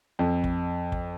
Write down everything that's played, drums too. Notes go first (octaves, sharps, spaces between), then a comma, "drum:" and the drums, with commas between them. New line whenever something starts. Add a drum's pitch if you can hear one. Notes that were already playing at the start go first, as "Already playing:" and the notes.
F2
drum: kick
drum: kick